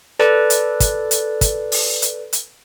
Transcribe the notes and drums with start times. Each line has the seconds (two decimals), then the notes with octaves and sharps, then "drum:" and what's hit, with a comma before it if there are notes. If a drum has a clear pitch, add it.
0.19 A4 B4 D5, drum: rim click
0.50 drum: hi-hat
0.80 drum: kick, hi-hat
1.11 drum: hi-hat
1.41 drum: kick, hi-hat
1.72 drum: open hi-hat
2.02 drum: hi-hat
2.33 drum: hi-hat